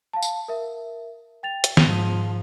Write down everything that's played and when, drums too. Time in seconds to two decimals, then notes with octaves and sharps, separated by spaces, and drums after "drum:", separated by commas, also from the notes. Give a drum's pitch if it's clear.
0.13 F5 A5
0.22 drum: tambourine
0.48 A#4 E5
1.43 G5 A6 F7
1.64 drum: hi-hat
1.77 G#2 F3 D#7 F7 G7, drum: snare